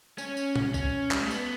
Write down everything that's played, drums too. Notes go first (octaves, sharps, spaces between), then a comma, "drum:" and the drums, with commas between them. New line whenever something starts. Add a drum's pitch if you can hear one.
C#4, drum: tambourine
drum: tambourine
drum: tom A#2
C#4, drum: kick, tambourine
G3, drum: clap
A3
B3, drum: tambourine